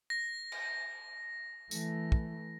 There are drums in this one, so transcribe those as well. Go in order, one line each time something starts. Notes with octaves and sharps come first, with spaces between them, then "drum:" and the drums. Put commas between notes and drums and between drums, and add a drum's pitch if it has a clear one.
A#6
drum: cymbal
E3 A3, drum: tambourine
drum: kick